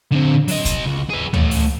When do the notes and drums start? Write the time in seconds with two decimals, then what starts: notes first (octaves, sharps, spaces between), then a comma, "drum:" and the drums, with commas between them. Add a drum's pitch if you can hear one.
0.12 D3 C4
0.48 F#3 D#5, drum: open hi-hat
0.65 drum: kick, hi-hat
0.86 C#2
1.10 G#4 B4
1.34 A3 C#4, drum: tom D2
1.51 drum: open hi-hat